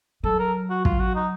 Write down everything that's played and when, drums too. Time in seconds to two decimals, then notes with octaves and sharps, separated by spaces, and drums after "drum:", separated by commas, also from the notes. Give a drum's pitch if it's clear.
0.24 F#3 A4
0.39 A#4
0.70 F#4
0.85 F4, drum: kick
1.00 F#4
1.15 D#4